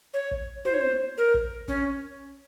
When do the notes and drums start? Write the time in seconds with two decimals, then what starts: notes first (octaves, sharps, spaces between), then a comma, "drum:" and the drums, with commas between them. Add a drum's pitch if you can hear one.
0.14 C#5
0.31 drum: kick
0.65 C5, drum: tom
0.74 C#5
0.81 C5
1.18 A#4
1.34 drum: kick
1.68 C#4, drum: kick